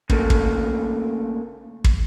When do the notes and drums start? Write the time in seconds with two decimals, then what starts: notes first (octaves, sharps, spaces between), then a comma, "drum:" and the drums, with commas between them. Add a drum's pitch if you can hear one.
0.10 C#3 A3 A#3, drum: kick
0.30 drum: kick
1.84 drum: kick